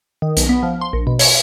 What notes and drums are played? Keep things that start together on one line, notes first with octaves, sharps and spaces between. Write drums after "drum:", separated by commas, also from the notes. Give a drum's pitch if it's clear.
D#3
B1, drum: hi-hat
B3
F3
C6
A#1
B2
C#5, drum: open hi-hat